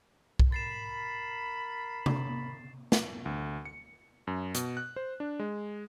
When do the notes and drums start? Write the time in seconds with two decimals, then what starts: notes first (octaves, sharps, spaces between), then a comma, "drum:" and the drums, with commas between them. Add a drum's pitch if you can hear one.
0.39 drum: kick B1
0.52 A#4 B5 A6 C7 E7
2.06 drum: tom C3
2.92 drum: snare
3.26 D2
3.65 C#7
4.27 F#2
4.55 B2, drum: hi-hat
4.77 F#6
4.96 C5
5.20 D4
5.39 G#3